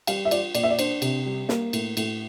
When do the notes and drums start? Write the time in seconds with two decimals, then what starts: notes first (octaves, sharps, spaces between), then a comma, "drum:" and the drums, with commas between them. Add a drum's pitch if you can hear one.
0.07 G3 F5, drum: cymbal
0.25 E5
0.31 F4 D5, drum: cymbal
0.55 A#2 D5, drum: cymbal
0.63 E5
0.70 D5
0.79 D4 C5, drum: cymbal
1.02 C3, drum: cymbal
1.26 G3
1.49 A#3, drum: snare
1.73 A2, drum: cymbal
1.97 A2, drum: cymbal